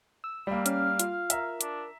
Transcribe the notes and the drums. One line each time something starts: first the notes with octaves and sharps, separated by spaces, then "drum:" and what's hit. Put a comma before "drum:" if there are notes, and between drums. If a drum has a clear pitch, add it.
E6
G3 A#3 B5
C#4 F5 F6, drum: hi-hat
F4, drum: hi-hat
A#4 E5 A#5, drum: hi-hat
D4, drum: hi-hat